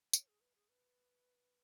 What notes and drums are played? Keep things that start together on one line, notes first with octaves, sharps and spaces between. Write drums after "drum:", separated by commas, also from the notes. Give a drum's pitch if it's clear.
C#5, drum: tambourine
G#4
B4
G#4
B4